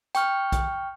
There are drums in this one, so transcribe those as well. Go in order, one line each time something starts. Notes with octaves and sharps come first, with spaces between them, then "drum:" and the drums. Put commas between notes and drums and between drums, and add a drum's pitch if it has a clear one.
G5 C#6 F6, drum: hi-hat
drum: kick A#1, hi-hat